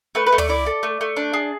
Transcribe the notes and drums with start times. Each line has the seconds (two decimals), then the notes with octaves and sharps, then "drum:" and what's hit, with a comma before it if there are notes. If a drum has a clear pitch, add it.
0.15 A3 B4
0.27 B4
0.32 A3
0.38 D5, drum: tom
0.49 E4 D5
0.66 A4
0.83 A3
1.01 A3
1.16 D4
1.33 G#4